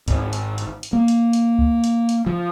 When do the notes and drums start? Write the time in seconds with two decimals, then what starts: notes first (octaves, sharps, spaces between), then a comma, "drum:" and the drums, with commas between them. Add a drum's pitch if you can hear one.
0.08 G#1, drum: kick C#2, hi-hat
0.33 drum: hi-hat
0.58 drum: hi-hat
0.83 drum: hi-hat
0.93 A#3
1.08 drum: hi-hat
1.33 drum: hi-hat
1.59 drum: kick C#2
1.84 drum: hi-hat
2.09 drum: hi-hat
2.26 F3